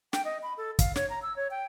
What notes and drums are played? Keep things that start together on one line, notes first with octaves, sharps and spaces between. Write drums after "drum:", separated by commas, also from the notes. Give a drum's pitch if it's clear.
G5, drum: snare
D#5
B5
A4
F5, drum: kick, hi-hat
C#5, drum: snare
A#5
E6
C#5
G5